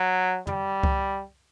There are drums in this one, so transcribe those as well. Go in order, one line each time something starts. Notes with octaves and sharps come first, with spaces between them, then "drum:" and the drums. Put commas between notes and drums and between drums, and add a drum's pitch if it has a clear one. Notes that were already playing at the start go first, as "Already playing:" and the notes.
Already playing: F#3
G3, drum: tom
drum: kick C2